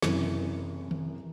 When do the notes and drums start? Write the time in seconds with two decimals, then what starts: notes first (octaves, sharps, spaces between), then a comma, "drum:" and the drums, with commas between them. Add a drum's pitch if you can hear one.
0.03 F#1 F#2 C3 E3, drum: snare
0.91 drum: tom D#3